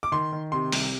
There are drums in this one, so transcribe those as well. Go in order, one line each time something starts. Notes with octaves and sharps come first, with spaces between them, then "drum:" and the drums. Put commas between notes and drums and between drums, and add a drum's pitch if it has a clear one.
D6
D#3 C6
D#3
C3 C6
C2, drum: open hi-hat